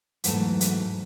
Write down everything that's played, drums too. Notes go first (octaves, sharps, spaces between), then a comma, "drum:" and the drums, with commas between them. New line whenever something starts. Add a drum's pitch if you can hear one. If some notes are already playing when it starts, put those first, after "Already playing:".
E2 G#2 E3 F#3 A3 A5, drum: hi-hat
drum: hi-hat